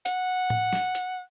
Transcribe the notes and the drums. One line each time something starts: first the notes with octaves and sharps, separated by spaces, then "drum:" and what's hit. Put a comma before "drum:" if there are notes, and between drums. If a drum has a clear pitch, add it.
F#5, drum: hi-hat
drum: tom A2
drum: snare
drum: hi-hat